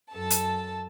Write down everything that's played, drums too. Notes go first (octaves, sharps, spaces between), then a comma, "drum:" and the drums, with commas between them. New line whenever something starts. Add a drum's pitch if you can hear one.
F#2 A4 A5
drum: hi-hat